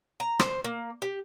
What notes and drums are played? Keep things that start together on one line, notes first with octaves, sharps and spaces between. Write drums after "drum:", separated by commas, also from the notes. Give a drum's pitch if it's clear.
A#5
C5, drum: rim click
A#3
G4